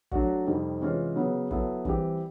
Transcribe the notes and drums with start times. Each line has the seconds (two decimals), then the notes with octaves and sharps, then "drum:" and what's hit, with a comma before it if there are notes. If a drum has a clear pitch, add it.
0.11 F#3 A3 D4 F#4, drum: kick
0.46 F2 C3 D#3 G3
0.81 C3 E3 G#3 C#4 F4
1.16 C#3 F#3 B3
1.51 F#3 B3 E4 A4, drum: kick
1.85 E3 G3 C4 E4 G4, drum: kick